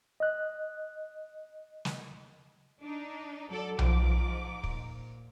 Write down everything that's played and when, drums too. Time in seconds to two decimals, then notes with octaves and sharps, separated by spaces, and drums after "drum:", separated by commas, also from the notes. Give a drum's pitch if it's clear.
0.20 D#5 F#6
1.85 drum: snare
2.80 D4 D#4
3.50 F#3 A4 D5
3.79 G#2 F3 D6, drum: tom B1
4.64 A#2, drum: kick